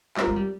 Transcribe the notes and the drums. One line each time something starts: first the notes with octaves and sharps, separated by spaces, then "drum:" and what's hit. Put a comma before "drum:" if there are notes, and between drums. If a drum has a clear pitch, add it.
G3 C4 F4 A#4, drum: clap
G#3
G3